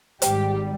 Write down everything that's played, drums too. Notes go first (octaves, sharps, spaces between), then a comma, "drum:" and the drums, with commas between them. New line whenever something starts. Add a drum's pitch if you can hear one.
G#1 G#2 G3 G4, drum: hi-hat